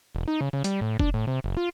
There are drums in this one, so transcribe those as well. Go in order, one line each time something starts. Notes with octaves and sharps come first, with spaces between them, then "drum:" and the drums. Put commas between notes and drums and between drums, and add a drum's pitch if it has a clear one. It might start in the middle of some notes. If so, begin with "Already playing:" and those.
E1
D#4
C#3
C#3
G3, drum: hi-hat
A2
D4, drum: kick
A2
C3
F#1
F4